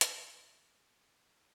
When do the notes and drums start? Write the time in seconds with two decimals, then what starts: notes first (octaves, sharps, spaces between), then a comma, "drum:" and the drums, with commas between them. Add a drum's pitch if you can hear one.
0.01 C2 F#3 G#3, drum: hi-hat